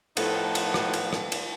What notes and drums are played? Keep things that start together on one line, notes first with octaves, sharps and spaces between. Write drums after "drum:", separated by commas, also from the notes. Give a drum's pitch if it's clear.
A2 F3 B3 D#4 A4, drum: cymbal
drum: cymbal
drum: rim click
drum: cymbal
drum: rim click
drum: cymbal